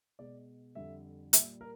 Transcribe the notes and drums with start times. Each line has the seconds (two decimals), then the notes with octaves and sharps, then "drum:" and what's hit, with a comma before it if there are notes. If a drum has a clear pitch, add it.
0.19 B2 G#3 D5
0.75 F2 D3 G3 E5
1.33 A#2 G3 E5, drum: hi-hat
1.61 A#4